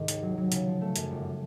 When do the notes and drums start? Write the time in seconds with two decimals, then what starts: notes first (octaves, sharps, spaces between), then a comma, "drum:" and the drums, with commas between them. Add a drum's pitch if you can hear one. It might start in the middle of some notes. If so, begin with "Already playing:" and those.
Already playing: C2 G#2 D#3
0.08 D#2, drum: hi-hat
0.23 F#3
0.37 F#3
0.52 C#3, drum: hi-hat
0.67 F3
0.81 A3
0.96 F#2, drum: hi-hat
1.11 G1